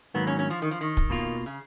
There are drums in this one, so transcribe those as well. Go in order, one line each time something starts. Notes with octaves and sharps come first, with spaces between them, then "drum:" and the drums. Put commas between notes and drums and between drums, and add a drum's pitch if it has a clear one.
G#2 D#3 F#3 A#3 B3
C#4
C#4
F3
D#3
F3
D#3
drum: kick
B2 A#3 F4
C#3